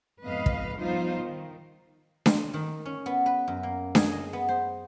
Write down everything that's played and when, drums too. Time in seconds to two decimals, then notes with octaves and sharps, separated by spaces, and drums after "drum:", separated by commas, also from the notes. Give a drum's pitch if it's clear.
0.25 F2 G#2 B3 B4 D#5 F5
0.46 drum: kick
0.79 F3 G3 B3 D#4 F4 C5
1.19 D#3
2.26 C6, drum: snare D4
2.54 D#3
2.85 C#4
3.06 B3
3.26 B4
3.48 F#2
3.63 A#3
3.95 G#4, drum: snare D4
4.12 D#5
4.33 B3
4.49 C5